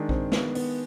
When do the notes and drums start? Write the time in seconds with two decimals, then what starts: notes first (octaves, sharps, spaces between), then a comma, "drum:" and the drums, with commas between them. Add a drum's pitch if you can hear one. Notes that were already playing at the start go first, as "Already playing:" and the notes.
Already playing: D#3 G#3 D4
0.09 C4, drum: kick A#1
0.32 B3, drum: snare
0.55 B3, drum: open hi-hat